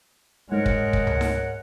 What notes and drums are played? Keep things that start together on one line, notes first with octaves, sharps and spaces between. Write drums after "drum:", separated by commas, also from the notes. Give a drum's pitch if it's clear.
G#2 G#3 A#4 C#5 F#5
drum: kick
drum: kick
drum: tom C#2
drum: snare D#4